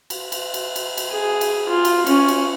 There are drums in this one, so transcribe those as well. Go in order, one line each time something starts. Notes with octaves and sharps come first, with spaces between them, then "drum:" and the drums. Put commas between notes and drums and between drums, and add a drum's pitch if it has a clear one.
drum: cymbal
drum: cymbal
drum: cymbal
drum: cymbal
drum: cymbal
G#4
drum: cymbal
F4
drum: cymbal
C#4, drum: cymbal
drum: cymbal